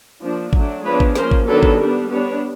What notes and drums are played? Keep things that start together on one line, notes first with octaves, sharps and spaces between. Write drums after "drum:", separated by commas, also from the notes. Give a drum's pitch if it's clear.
F3 A#3 D4
F#3 A3 D4, drum: kick G#1
F3 G#3 B3 D4 B4 C#5
drum: kick G#1
F3 A#3 C#4 A#4 C5, drum: snare
drum: kick G#1
D#3 F#3 B3 D4 A4 B4
drum: kick G#1
G3 B3 D4
G3 B3 D4 B4 C#5